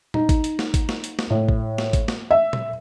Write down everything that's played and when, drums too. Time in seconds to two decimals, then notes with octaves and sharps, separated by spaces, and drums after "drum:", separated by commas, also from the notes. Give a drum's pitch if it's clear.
0.14 D#4, drum: tom A#2
0.29 drum: kick G#1, hi-hat
0.44 drum: hi-hat
0.59 drum: snare
0.74 drum: kick G#1, hi-hat
0.89 drum: snare
1.04 drum: hi-hat
1.19 drum: snare
1.30 A2
1.49 drum: kick G#1
1.78 drum: snare
1.93 drum: kick G#1, hi-hat
2.08 drum: snare
2.31 E5
2.53 drum: tom A#2